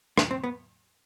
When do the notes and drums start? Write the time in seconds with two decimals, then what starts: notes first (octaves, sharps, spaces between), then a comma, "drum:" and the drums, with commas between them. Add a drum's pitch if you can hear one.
0.18 D4, drum: rim click
0.31 C4
0.44 B3